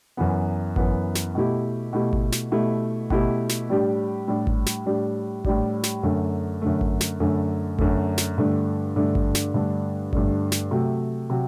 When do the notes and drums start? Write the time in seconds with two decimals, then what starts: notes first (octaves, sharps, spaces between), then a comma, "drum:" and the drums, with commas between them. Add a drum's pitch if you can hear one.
0.17 F#2 E3 B3
0.76 F#2 E3 B3, drum: kick G#1
1.15 drum: snare
1.35 B2 A3 E4 G4
1.93 B2 A3 E4 G4
2.13 drum: kick G#1
2.32 drum: snare
2.52 B2 A3 E4 G4
3.10 B2 A3 E4 G4, drum: kick G#1
3.49 drum: snare
3.69 A2 G3 D4 G4
4.28 A2 G3 D4 G4
4.47 drum: kick G#1
4.66 drum: snare
4.86 A2 G3 D4 G4
5.45 A2 G3 D4 G4, drum: kick G#1
5.83 drum: snare
6.03 F#2 D3 A3
6.62 F#2 D3 A3
6.81 drum: kick G#1
7.01 drum: snare
7.20 F#2 D3 A3
7.79 F#2 D3 A3, drum: kick G#1
8.18 drum: snare
8.38 G2 D3 A3 D4
8.96 G2 D3 A3 D4
9.15 drum: kick G#1
9.35 drum: snare
9.54 G2 D3 A3 D4
10.13 G2 D3 A3 D4, drum: kick G#1
10.52 drum: snare
10.71 C3 F#3 A3
11.30 C3 F#3